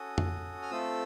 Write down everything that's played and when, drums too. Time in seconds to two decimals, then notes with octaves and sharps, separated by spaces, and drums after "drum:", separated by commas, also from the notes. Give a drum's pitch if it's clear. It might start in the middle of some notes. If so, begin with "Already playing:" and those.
Already playing: C#4 F#4 A4 D#6
0.18 drum: tom F2
0.62 F6
0.71 A3 C4 F4 A4 E6